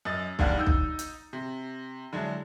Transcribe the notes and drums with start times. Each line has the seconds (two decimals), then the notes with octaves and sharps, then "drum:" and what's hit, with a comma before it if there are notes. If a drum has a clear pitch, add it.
0.05 F#2 D#5 A6
0.39 F#1 D#2 G3 D4 F5 F#5, drum: kick B1
0.57 D#4 E6 G6
0.67 drum: kick B1
0.99 drum: hi-hat
1.33 C3
2.13 D3 F#3 G#3 D4 E4